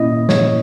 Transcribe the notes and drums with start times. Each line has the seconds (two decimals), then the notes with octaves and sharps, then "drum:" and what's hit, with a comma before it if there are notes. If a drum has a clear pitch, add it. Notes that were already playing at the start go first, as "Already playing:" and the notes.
Already playing: A#2 A#3 C#4 E4 D#5
0.29 C#5, drum: snare